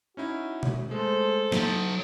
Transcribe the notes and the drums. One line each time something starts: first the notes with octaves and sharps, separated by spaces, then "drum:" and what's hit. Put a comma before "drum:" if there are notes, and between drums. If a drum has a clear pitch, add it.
C#4 D#4 E4 F#4
drum: tom B2
G#3 A3 A4 C5
F#3 D#4 F#4 A5, drum: snare